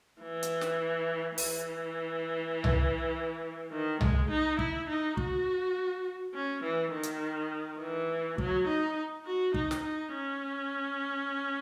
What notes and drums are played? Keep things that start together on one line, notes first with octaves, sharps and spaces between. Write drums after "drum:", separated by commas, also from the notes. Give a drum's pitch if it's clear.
E3
drum: hi-hat
drum: snare
E3, drum: open hi-hat
drum: tom C2
D#3
G#3, drum: tom C2
D#4
E4, drum: kick
D#4
F#4, drum: kick
C#4
E3
D#3
drum: hi-hat
E3
F#3, drum: kick
D#4
F#4
D#4, drum: kick
drum: snare
D#4
C#4